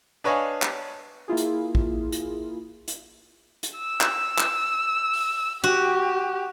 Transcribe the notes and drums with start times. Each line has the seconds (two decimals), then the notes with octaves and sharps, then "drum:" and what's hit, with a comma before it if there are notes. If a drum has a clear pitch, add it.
0.24 D4 B4 C#5 D#5 F5 G#5
0.62 drum: clap
1.28 A#3 E4 F4 G#4
1.37 drum: hi-hat
1.75 drum: kick A1
2.12 drum: hi-hat
2.88 drum: hi-hat
3.63 drum: hi-hat
3.77 E6
4.01 drum: clap
4.38 drum: clap
5.13 drum: open hi-hat
5.64 F#4 G4